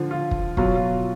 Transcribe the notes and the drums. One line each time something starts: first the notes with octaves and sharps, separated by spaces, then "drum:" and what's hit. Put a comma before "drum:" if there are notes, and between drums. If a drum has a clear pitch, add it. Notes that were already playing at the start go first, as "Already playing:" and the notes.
Already playing: D3 F3 F4
F4
drum: kick
B2 F#3 F4, drum: kick
F4